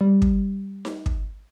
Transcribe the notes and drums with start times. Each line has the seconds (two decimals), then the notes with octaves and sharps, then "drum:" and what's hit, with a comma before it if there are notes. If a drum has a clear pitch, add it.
0.01 G3
0.22 drum: kick
0.85 drum: snare D#4
1.06 drum: kick